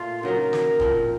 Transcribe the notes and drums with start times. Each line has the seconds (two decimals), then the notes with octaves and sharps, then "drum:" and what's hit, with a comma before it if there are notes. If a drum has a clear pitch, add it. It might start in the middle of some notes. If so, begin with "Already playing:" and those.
Already playing: A#2 A3 F4
0.23 C#3 F#3 A#3 D#4 A#4
0.53 drum: snare
0.80 A#2 F3 C4, drum: kick